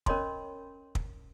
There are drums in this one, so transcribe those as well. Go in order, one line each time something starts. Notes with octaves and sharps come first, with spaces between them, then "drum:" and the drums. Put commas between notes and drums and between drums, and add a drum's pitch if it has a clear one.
C#4 A#4 C#5 D#5 B5 C6, drum: kick
drum: kick